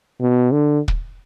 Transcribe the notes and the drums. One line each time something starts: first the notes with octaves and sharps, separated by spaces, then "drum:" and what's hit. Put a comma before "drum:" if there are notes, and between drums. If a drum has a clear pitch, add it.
B2
D3
drum: kick